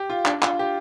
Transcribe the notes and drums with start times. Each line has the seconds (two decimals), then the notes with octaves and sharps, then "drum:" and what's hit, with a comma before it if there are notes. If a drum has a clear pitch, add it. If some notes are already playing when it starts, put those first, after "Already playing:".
Already playing: G4
0.10 F4
0.26 D4, drum: clap
0.43 F4, drum: clap
0.59 G4